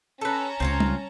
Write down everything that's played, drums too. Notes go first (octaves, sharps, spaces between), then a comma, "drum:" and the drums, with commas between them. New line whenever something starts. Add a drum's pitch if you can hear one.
C#4 A4 B4 A5 A#5
C#2 C4 F4 C#5
drum: tom G3